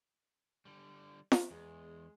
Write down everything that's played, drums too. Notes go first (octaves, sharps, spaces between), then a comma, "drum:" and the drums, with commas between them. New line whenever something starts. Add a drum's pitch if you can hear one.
D3 G3
drum: snare
E2 G#3